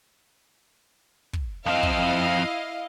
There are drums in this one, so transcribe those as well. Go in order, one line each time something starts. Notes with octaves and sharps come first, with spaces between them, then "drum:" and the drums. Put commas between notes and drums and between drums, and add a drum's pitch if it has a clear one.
drum: kick
F2 C4 E4 D#5 F5
drum: kick